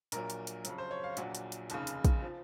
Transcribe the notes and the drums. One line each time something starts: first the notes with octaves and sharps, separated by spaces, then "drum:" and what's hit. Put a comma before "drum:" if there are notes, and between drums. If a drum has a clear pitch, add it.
A#1 A#2 F#3 A#4, drum: hi-hat
drum: hi-hat
drum: hi-hat
F2 C#3 F#3, drum: hi-hat
C5
C#5
F5
A#1 A#2 F#3 F#5, drum: hi-hat
drum: hi-hat
drum: hi-hat
F1 D#2 C#3, drum: hi-hat
drum: hi-hat
drum: kick, hi-hat
F3